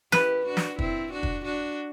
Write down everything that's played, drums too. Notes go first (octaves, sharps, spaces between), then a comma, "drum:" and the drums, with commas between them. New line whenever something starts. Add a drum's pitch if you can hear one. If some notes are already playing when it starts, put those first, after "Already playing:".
E4 G4 B4, drum: snare
D4 F#4
drum: snare
C4 E4, drum: kick
D4 F#4
drum: kick
D4 F#4